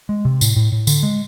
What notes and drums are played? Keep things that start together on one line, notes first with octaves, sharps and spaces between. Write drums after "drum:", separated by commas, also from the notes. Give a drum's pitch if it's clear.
G#3
C3
A2, drum: tambourine
A2
A2
D3, drum: tambourine
G#3